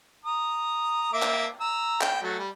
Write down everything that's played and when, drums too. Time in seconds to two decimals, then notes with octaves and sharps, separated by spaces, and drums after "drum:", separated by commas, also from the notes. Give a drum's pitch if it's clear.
0.25 A#5 D#6
1.13 A#3 E5 D6
1.22 drum: clap
1.60 A#5 E6
2.01 G5, drum: clap
2.23 F#3 A3
2.39 G3